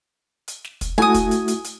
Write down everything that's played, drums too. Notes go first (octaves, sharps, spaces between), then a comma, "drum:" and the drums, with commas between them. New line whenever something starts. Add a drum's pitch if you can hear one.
drum: hi-hat
drum: snare
drum: kick, hi-hat
A3 E4 F#4 G#5 D#6
drum: kick, hi-hat
drum: hi-hat
drum: hi-hat
drum: hi-hat